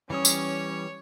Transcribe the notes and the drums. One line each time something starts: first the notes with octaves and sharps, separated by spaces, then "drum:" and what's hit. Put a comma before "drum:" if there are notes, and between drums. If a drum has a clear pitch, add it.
E3 G3 C#4 C#5 D#6
drum: tambourine